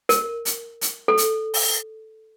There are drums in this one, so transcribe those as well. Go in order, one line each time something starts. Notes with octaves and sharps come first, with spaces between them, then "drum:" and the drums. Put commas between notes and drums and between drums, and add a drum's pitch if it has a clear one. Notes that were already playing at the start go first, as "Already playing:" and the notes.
A#4, drum: hi-hat
drum: hi-hat
drum: hi-hat
A4
drum: hi-hat
drum: open hi-hat